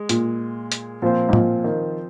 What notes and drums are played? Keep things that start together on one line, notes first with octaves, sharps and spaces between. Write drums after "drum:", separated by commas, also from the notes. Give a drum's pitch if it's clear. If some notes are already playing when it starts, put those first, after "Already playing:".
Already playing: G#3
A#2, drum: hi-hat
drum: hi-hat
A#2 F3 C4 F4 C5
G#2
A#2, drum: tom
D#3